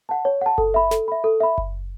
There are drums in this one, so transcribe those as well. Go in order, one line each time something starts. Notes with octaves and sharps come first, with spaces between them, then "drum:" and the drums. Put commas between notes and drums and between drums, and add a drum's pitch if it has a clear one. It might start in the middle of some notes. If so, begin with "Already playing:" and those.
F#5 A5
C#5
F#5 A5
A4, drum: kick F#1
E5 B5
A4, drum: snare
E5 B5
A4
E5 B5
drum: kick F#1